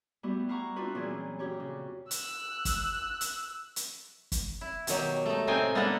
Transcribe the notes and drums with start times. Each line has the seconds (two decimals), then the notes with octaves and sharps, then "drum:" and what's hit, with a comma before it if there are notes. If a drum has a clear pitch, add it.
0.23 G3 A3 B3 E4 F#4 G4
0.49 E4 F5 F#5 A#5 C#6
0.76 C4 D4 F4 F#4 B4
0.95 A#2 E3 F#3 C4 C#4 G#4
1.39 F2 C#4 F#4 G4 C#5
1.60 C#3
2.11 E6 F#6, drum: hi-hat
2.65 drum: kick, hi-hat
3.21 drum: hi-hat
3.76 drum: hi-hat
4.32 drum: kick, hi-hat
4.61 E4
4.87 B2 D#3 F#3 G4, drum: hi-hat
5.26 A3 D#4
5.47 A2 C3 C4 D#4 G5 G#5
5.75 A#3 B3 D4 A4 B4 F#5